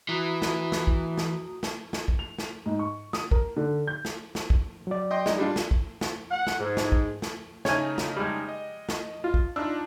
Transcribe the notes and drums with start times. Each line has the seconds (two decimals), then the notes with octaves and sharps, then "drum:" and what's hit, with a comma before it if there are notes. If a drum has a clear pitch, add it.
0.09 E3 F#4 A#5 D#6
0.42 drum: snare
0.72 drum: snare
0.87 drum: kick
1.17 drum: snare
1.63 drum: snare
1.93 drum: snare
2.08 drum: kick
2.19 F7
2.38 drum: snare
2.66 G#2
2.79 C#6
3.13 D#6, drum: snare
3.31 A#4, drum: kick
3.56 D3
3.87 G6
4.05 drum: snare
4.35 drum: snare
4.50 drum: kick
4.87 F#3 D5
5.11 D#5 G5 C6
5.26 G#3 D#4, drum: snare
5.38 G3 D4 F4
5.56 drum: snare
5.71 drum: kick
6.01 drum: snare
6.31 F#5
6.47 drum: snare
6.59 G#2
6.77 drum: snare
6.92 drum: kick
7.22 drum: snare
7.65 C#3 A3 D#4 C#5 G#5, drum: snare
7.98 drum: snare
8.17 G3 G#3
8.48 D#5
8.89 drum: snare
9.24 F4
9.34 drum: kick
9.56 D4 D#4 F4 E6